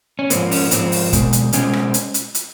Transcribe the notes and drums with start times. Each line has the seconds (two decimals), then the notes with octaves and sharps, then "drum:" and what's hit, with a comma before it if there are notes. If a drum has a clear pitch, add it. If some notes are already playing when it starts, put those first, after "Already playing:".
0.19 C#4
0.30 G#2 F3 A#3 C4, drum: hi-hat
0.51 C#4, drum: open hi-hat
0.71 G#2 F3 A#3 C4, drum: hi-hat
0.92 drum: open hi-hat
1.13 B2 G#3 C4, drum: kick, hi-hat
1.33 drum: hi-hat
1.53 B2 G#3 C4 C#4, drum: hi-hat
1.73 drum: rim click
1.94 drum: hi-hat
2.14 drum: hi-hat
2.35 drum: hi-hat